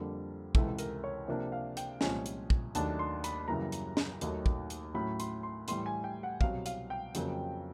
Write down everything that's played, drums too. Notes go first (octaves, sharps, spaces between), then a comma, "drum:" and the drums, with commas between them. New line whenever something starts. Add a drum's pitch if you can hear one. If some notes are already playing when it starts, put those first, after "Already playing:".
Already playing: F2 D3 G3 A#3
C#2 C3 E3 A4, drum: kick
A#4, drum: hi-hat
C#5
C3 F3 A#3 D4
F5
G5, drum: hi-hat
C2 A#2 F3 G#3 C#4 G#5, drum: snare
drum: hi-hat
drum: kick
D#2 D#3 F#3 A3 D4 A5, drum: hi-hat
C6
B5, drum: hi-hat
F#2 C#3 E3 G3 A#3 A#5
drum: hi-hat
drum: snare
D#2 D#3 F#3 A3, drum: hi-hat
drum: kick
drum: hi-hat
A2 F#3 A3 C#4 B5
C6, drum: hi-hat
C6
A2 E3 G3 C6, drum: hi-hat
G#5
G5
F#5
C2 B2 F#3 F5, drum: kick
F5, drum: hi-hat
G5
F2 C#3 F#3 A#3, drum: hi-hat